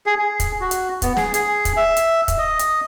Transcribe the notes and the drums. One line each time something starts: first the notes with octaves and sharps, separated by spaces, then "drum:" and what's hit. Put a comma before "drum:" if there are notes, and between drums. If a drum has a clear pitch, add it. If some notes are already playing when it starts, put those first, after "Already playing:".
G#4
G#4
drum: kick, hi-hat
F#4
drum: hi-hat
B3, drum: kick, hi-hat
G#4, drum: snare
G#4, drum: hi-hat
drum: kick, hi-hat
E5
drum: hi-hat
drum: kick, hi-hat
D#5
drum: hi-hat